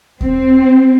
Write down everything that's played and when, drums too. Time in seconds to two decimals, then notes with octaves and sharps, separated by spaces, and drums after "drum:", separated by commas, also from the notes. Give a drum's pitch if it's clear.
0.21 C4, drum: kick D#2